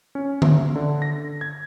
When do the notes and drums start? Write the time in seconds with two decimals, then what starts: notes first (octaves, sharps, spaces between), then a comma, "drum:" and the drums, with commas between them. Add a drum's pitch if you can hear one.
0.15 C#4
0.42 E5, drum: tom D3
0.75 D3
1.02 A#6
1.41 G#6